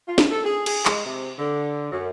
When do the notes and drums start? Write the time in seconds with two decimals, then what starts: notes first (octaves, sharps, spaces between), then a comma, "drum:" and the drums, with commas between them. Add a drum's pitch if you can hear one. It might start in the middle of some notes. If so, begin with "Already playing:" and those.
0.08 F4
0.18 drum: snare
0.31 A4
0.44 G#4
0.66 G#4, drum: cymbal
0.85 G#3, drum: clap
1.05 C3
1.39 D3
1.92 F#2